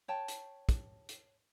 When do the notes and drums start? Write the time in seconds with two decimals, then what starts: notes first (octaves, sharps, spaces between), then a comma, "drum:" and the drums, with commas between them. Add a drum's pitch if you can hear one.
0.08 C#5 G5 A5
0.28 drum: hi-hat
0.69 drum: kick, hi-hat
1.09 drum: hi-hat